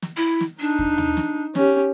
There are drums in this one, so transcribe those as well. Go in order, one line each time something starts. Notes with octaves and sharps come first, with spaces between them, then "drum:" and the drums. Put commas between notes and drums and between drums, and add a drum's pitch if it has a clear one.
drum: snare
E4
drum: snare
D4 D#4
drum: kick E2
drum: tom D#2
drum: snare
C#4 G4, drum: snare